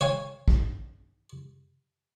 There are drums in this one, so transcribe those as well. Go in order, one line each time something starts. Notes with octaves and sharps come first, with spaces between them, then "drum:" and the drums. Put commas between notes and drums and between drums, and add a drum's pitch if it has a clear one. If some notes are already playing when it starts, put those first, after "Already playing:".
C#5 F5 G#5
drum: kick